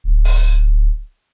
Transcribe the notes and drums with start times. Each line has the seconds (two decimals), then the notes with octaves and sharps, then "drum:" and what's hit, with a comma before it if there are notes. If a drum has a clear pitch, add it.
0.04 D1
0.25 drum: open hi-hat